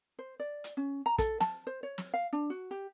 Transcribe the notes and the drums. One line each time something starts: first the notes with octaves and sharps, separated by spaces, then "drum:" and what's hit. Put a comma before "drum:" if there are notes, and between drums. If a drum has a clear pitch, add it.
C5
D5
drum: hi-hat
C#4
A#5
A4, drum: kick, hi-hat
A5, drum: snare
C5
C#5
drum: snare
F5
D4
F#4
G4